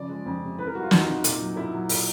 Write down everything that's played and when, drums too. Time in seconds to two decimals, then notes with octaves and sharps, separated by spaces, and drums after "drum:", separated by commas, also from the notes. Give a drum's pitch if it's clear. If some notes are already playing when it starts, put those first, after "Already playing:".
Already playing: C#3 F3 D5
0.09 G#3
0.26 F2
0.42 C3
0.59 E3 B4
0.66 A#4
0.75 G3 F#4
0.83 F4
0.91 E2 D#4, drum: snare
1.08 C3
1.24 A#2, drum: hi-hat
1.40 F#3
1.56 A#2 E4
1.73 F#3
1.89 A#2, drum: open hi-hat